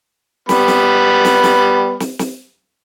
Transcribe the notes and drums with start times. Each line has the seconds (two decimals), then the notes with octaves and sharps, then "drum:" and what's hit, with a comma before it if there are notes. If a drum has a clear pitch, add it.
0.49 G3 B3 B5, drum: snare
0.68 drum: snare
1.25 drum: snare
1.44 drum: snare
2.00 drum: snare
2.19 drum: snare